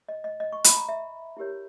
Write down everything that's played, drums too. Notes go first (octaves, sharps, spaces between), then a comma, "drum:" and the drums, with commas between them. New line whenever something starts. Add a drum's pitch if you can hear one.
D#5
D#5
D#5
C#6
B5, drum: hi-hat
A#5
E5
E4 G4 A#4 C#5